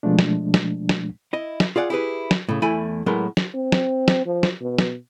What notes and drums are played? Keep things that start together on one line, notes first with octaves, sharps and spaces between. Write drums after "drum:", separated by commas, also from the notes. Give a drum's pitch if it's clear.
B2 F3 G#3 A3 D4
drum: snare
drum: snare
drum: snare
E4 D#5
drum: snare
F4 G#4 D5 F#5
E4 G4 G#4 B4
drum: snare
A2 C#3
E2 A3 E4 G#5 B5
A2 F#3 G#3 B3 A#4 C6
drum: snare
C4
drum: snare
drum: snare
F3
drum: snare
B2
drum: snare